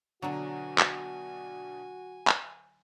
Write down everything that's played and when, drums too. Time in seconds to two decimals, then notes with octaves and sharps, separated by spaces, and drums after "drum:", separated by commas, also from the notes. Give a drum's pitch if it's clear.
0.22 B2 D3 F#3 D4 F#4 G#5 A#5
0.78 drum: clap
2.27 drum: clap